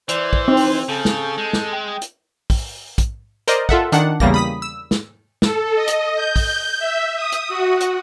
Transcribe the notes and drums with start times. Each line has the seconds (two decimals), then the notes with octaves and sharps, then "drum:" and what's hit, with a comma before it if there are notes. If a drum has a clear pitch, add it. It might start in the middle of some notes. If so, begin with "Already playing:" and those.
0.09 E3 C5 D5, drum: hi-hat
0.33 drum: kick
0.48 C4 D#4
0.57 drum: open hi-hat
0.89 C#3 A4 G6
1.05 drum: snare
1.38 G#3
1.53 drum: snare
1.73 G5
2.02 drum: hi-hat
2.50 drum: kick, open hi-hat
2.98 drum: kick, hi-hat
3.48 A#4 C5 D5 D#5, drum: hi-hat
3.69 F4 A4 E5 F#5, drum: kick
3.92 D#3 D4 F#5, drum: hi-hat
4.20 E2 C#3 G3 A#3 A#6, drum: kick
4.34 B5 D#6 B6
4.62 E6
4.91 drum: snare
5.42 A4, drum: snare
5.75 D#5
5.88 drum: hi-hat
6.15 G6
6.36 drum: kick, open hi-hat
6.79 E5
7.16 D#6
7.32 drum: hi-hat
7.48 F#4
7.80 drum: hi-hat